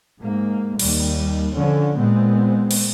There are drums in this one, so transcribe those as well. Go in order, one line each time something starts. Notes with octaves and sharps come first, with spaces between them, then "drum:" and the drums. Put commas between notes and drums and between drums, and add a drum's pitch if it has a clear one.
G#2 A#3
D#2 G3, drum: cymbal
D3 F3 C#4
A#2 G#3 B3 C4
drum: cymbal